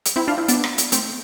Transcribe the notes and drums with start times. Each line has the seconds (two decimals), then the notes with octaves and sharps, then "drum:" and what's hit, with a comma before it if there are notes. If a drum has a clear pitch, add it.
0.06 drum: hi-hat
0.16 C4 E4
0.28 D4 F4
0.38 C4 E4
0.48 B3 D4, drum: hi-hat
0.64 drum: rim click
0.78 drum: hi-hat
0.92 A3 C4, drum: hi-hat